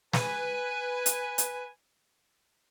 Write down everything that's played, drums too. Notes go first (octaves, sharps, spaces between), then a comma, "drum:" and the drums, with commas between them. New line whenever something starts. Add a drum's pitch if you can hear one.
B4 G#5, drum: snare
drum: hi-hat
drum: hi-hat